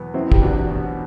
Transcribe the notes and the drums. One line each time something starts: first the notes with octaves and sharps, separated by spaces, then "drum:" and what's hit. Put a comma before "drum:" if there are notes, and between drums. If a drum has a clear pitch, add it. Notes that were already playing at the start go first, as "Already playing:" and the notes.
Already playing: E2 B2 F#3 B3
F#3 C4 E4
G4, drum: kick
E2 D4 F#4
B2